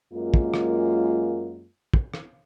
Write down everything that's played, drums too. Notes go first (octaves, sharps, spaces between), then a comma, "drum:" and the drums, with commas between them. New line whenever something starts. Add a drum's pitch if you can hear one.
F#2 G#3 A#3 F4
drum: kick
drum: rim click
drum: kick
drum: rim click